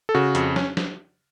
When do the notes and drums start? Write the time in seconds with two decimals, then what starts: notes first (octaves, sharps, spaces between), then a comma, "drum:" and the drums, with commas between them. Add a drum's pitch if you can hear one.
0.09 A4
0.15 C#3 F#4
0.35 F2, drum: hi-hat
0.56 C#4, drum: snare
0.77 drum: snare